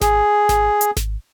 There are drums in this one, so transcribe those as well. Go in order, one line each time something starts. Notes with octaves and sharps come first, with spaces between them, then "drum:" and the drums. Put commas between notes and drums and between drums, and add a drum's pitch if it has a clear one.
G#4, drum: snare G#1
drum: snare G#1
drum: hi-hat
drum: snare G#1